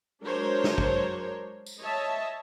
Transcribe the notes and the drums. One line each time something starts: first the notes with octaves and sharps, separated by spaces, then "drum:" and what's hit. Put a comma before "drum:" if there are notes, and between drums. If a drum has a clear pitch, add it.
F#3 G#3 D4 A#4 C5 C#5
drum: snare
drum: kick
drum: tambourine
C#5 D#5 E5 A5